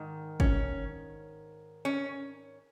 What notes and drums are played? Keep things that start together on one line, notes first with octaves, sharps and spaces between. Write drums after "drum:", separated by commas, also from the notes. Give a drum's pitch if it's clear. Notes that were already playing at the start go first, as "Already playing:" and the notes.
Already playing: G#2 D#3
C#4, drum: kick
C#4